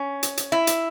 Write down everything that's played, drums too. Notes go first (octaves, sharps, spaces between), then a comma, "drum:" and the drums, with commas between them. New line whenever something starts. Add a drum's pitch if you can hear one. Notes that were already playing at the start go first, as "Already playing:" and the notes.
Already playing: C#4
drum: hi-hat
drum: hi-hat
E4
drum: hi-hat